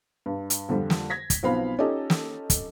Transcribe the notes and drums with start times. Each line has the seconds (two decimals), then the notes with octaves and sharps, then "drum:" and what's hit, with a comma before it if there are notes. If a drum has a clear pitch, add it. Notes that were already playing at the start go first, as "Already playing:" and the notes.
0.26 G2
0.50 drum: hi-hat
0.69 F2 D3 F3 G3
0.90 drum: snare
1.10 G#6 A#6 B6
1.30 drum: kick, hi-hat
1.43 B1 F3 B3 C4 F5 B5
1.79 C#4 D#4 F4 G4 A4 D#5
2.10 drum: snare
2.50 drum: kick, hi-hat